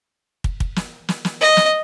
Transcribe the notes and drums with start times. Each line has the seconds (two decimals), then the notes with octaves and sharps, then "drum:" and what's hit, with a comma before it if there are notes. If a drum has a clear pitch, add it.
0.44 drum: kick
0.60 drum: kick
0.76 drum: snare
1.09 drum: snare
1.25 drum: snare
1.41 D#5
1.57 drum: snare